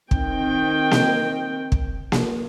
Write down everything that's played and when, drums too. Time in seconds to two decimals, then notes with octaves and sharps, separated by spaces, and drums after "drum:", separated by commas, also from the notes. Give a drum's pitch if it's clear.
0.11 D#3 C4 G5, drum: kick
0.91 drum: snare A#3
1.72 drum: kick
2.12 drum: snare A#3